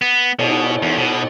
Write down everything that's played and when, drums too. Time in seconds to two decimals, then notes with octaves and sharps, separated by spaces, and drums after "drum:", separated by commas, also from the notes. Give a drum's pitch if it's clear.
0.02 B3
0.39 B2, drum: cymbal
0.82 E2
0.97 B2